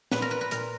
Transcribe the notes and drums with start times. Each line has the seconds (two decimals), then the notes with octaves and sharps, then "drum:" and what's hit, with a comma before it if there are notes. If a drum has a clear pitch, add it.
0.11 A#2 B4, drum: snare
0.22 A#4
0.31 B4
0.41 B4
0.51 A#2 A#4, drum: hi-hat